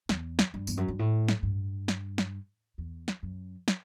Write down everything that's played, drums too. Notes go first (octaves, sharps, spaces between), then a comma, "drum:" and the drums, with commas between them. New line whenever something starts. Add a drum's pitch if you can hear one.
E2, drum: snare
drum: snare
G2
E2, drum: tambourine
F#2
G2
A2
drum: snare
G2
drum: snare
drum: snare
E2
drum: snare
F#2
drum: snare